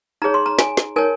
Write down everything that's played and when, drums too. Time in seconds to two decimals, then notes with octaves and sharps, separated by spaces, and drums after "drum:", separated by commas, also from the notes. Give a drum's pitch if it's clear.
0.22 D#4 G#4 C#5 A#5
0.34 C6
0.46 A#5
0.59 G#5, drum: snare
0.77 drum: snare
0.96 D#4 A#4 C#5 G#5